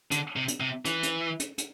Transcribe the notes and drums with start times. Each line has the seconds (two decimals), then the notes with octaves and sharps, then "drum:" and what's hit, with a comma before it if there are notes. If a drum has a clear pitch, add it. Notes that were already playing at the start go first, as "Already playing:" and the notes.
0.11 D3, drum: hi-hat
0.36 C3
0.48 drum: hi-hat
0.60 C3
0.85 E3, drum: hi-hat
1.03 drum: hi-hat
1.40 drum: hi-hat
1.58 drum: hi-hat